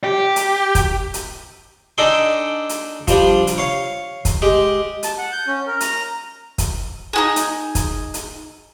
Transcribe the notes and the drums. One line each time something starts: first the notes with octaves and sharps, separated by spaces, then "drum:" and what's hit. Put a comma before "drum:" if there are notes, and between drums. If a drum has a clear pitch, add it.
G4
drum: hi-hat
drum: kick, hi-hat
drum: hi-hat
D4 D#4 A4 D5 G#5 C6
drum: hi-hat
F3 G3 D4, drum: kick, hi-hat
drum: hi-hat
C#5 F5
drum: kick, hi-hat
G#3 G4
A5, drum: hi-hat
F#5
G6
C#4
A#4
A#5, drum: hi-hat
drum: kick, hi-hat
D#4 F#4 G#4
drum: hi-hat
drum: kick, hi-hat
drum: hi-hat